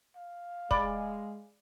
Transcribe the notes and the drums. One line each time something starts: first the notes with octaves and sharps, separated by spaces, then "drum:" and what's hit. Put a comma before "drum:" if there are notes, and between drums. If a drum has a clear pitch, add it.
F5
G#3 D5 B5, drum: kick